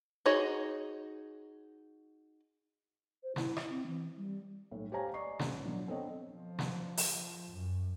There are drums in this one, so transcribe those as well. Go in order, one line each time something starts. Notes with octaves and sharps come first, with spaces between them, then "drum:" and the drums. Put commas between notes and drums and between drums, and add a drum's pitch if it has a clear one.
D#4 F#4 G#4 C#5 D#5
C5
E4, drum: snare
drum: rim click
C4
E3
G3
B1 A2
G4 C5 C#5 F5 G#5 A#5
D5 D#5 C#6 C7
A1 A2, drum: snare
B2 F3 F#3 D4
B3 C4 D4 A4 C#5 D#5
F3
drum: snare
drum: open hi-hat
F#2